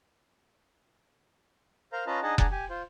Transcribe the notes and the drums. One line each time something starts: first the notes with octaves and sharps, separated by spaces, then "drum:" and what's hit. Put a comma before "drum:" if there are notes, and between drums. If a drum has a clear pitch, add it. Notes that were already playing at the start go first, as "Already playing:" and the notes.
A#4 C5 F5 A#5
C#4 F4 B4 D#5 A5 A#5
D4 D#4 G#4 D#5 F#5 A5
D4 G#4 D5 F#5 A5 A#5, drum: kick F1
G4 G#5
F4 C5